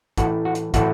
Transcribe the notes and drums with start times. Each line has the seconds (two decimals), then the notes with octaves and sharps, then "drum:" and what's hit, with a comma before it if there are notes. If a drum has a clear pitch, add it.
0.18 A2 E3 A3 F#4, drum: kick, hi-hat
0.45 F#4
0.55 drum: hi-hat
0.74 A2 E3 A3 F#4, drum: kick, hi-hat